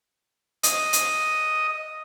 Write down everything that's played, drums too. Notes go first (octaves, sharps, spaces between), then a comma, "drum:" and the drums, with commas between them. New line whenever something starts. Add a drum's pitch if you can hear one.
D#5, drum: hi-hat
drum: hi-hat